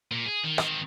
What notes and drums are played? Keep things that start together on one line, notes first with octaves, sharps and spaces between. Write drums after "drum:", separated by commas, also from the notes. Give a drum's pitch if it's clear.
A#2
G#4
D#3
D#3 C4, drum: rim click